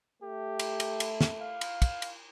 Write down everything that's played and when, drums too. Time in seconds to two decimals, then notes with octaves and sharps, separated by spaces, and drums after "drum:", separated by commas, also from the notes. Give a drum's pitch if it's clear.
0.23 A3 G4
0.59 drum: cymbal
0.80 drum: cymbal
1.00 drum: cymbal
1.21 drum: snare
1.41 F5
1.61 drum: cymbal
1.82 drum: kick, cymbal
2.02 drum: cymbal